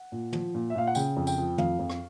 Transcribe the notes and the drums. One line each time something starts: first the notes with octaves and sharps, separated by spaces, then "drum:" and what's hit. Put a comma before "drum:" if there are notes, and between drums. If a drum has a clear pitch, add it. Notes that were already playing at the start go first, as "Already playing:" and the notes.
Already playing: F#5
A#2
F3, drum: tom
A#2
E5
A#2 F5
F#5
C#3 G5, drum: tambourine
F2
G5, drum: tambourine
F3
F2 F5, drum: tom
F2
drum: rim click